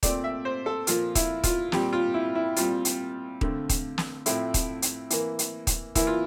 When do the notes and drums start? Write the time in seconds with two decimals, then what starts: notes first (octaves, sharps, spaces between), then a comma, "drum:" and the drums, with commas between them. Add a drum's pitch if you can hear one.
0.03 A#2 A3 C4 D5, drum: kick D#1, hi-hat
0.24 E5
0.45 C5
0.66 A4
0.87 A#2 F3 A#3 F4, drum: hi-hat
1.15 E4, drum: kick D#1, hi-hat
1.44 F4, drum: kick D#1, hi-hat
1.72 A#2 G3 C4 G4, drum: snare
1.93 F4
2.14 E4
2.35 E4
2.56 A#2 G3 C4 F4, drum: hi-hat
2.85 drum: hi-hat
3.41 D3 A3 C4, drum: kick D#1
3.69 drum: kick D#1, hi-hat
3.98 drum: snare
4.26 A2 F3 A3 C4 E4, drum: hi-hat
4.54 drum: kick D#1, hi-hat
4.82 drum: hi-hat
5.10 E3 A#3, drum: hi-hat
5.39 drum: hi-hat
5.67 drum: kick D#1, hi-hat
5.95 E3 A#3 E4, drum: kick D#1, hi-hat
6.07 F4